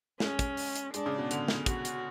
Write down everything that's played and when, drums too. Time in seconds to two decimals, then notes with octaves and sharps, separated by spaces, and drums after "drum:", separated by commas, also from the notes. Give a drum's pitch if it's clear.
0.20 G#3 C#4, drum: snare
0.39 drum: kick, hi-hat
0.57 drum: open hi-hat
0.75 drum: hi-hat
0.94 G#3 D4, drum: hi-hat
1.06 C#3
1.18 B2
1.31 D3, drum: hi-hat
1.48 drum: snare
1.66 F#4, drum: kick, hi-hat
1.85 drum: hi-hat